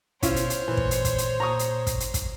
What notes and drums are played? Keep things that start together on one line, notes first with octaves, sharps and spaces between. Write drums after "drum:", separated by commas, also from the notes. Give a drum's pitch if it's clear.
B2 C#4 E4 F4 C5 C#5, drum: kick, hi-hat
drum: hi-hat
drum: hi-hat
A#2 E3
drum: kick
drum: hi-hat
drum: kick, hi-hat
drum: hi-hat
A#2 A#5 C#6 D#6
drum: hi-hat
drum: kick, hi-hat
drum: hi-hat
drum: kick, hi-hat